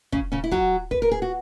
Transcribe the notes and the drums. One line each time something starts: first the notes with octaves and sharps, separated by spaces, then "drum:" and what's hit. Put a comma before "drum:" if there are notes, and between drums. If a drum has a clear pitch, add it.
C#3 C#4, drum: kick
C#3 C#4
E4
F#3 F#4, drum: kick
B4, drum: kick
A#4
G#4
F#4